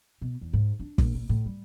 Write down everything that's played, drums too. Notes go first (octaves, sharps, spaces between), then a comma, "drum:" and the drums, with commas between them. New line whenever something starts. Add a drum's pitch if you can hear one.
B2
E2
G#2
D4
A#1, drum: kick
A#2
A2
G3